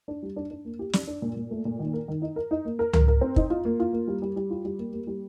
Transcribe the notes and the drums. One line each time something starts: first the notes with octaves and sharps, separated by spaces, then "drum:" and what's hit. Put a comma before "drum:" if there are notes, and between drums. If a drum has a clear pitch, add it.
D4
G3
D4
D4
A#3
G4
D5, drum: snare
D4
A#2
A#2
A3
A#2
D#3
A#4
D#3
D#4
A#4
D#4
A#3
A#4
A#4, drum: tom C#2
A#4
C4
D#4, drum: kick
F4
A#3
F4
A#3
G3
G3
G3
F4
G3
A#3
A#3
G3